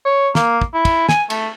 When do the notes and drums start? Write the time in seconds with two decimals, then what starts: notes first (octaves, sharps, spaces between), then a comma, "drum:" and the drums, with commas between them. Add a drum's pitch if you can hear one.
0.05 C#5
0.35 A#3, drum: snare
0.61 drum: kick
0.74 E4
0.85 drum: kick, cymbal
1.09 G#5, drum: snare
1.30 A3, drum: cymbal